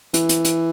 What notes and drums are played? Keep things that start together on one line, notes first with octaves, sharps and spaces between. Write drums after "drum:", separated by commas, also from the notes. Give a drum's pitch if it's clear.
E3, drum: hi-hat
drum: hi-hat
drum: hi-hat